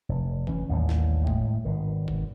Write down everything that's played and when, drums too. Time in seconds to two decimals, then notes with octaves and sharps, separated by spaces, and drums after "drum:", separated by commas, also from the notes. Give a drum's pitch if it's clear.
0.09 F1
0.47 E3 C#4, drum: kick
0.69 A1 D#2 A2 G3
0.89 drum: snare
1.27 A2 G#3, drum: kick
1.65 G#1 B2 D#3
2.08 drum: kick